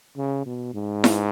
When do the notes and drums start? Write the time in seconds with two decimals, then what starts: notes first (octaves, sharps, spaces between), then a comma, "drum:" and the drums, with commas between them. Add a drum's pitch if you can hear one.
0.17 C#3
0.46 B2
0.74 G#2
1.04 drum: snare E4